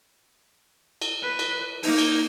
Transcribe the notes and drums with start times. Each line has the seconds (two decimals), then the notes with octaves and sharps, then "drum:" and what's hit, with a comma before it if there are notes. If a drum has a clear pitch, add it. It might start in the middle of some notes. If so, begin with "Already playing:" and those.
1.01 drum: cymbal
1.23 B4
1.39 drum: cymbal
1.83 A#3 D#4, drum: open hi-hat
1.98 drum: cymbal